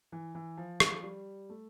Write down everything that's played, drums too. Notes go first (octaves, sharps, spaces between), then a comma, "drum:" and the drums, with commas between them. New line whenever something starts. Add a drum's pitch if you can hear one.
E3
E3
F3
drum: rim click
G3
A3